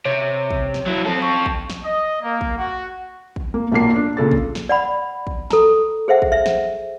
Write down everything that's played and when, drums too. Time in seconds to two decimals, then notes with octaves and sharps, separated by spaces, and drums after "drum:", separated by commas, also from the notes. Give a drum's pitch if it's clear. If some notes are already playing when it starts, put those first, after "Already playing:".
0.05 C3 C#5
0.51 drum: kick
0.74 drum: snare
0.86 F#3 E4
1.05 C4 A4
1.22 C#6
1.46 drum: kick
1.70 drum: snare
1.85 D#5
2.23 A#3
2.41 drum: kick
2.58 F#4
3.36 drum: kick
3.54 A#3
3.72 B1 A#2 A#3 C7
3.95 D4
4.17 A#2 C#3 A4 A6
4.31 drum: kick
4.55 drum: snare
4.69 D5 F#5 B5
5.27 drum: kick
5.51 A4 A#5, drum: snare
6.08 G#4 C5 E5 F#5
6.22 drum: kick
6.32 E5
6.46 drum: snare